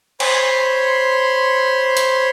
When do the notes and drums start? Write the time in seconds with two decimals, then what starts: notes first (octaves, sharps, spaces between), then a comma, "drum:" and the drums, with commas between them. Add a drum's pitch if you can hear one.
0.20 C5 C#5 B5 C6, drum: cymbal
1.97 drum: hi-hat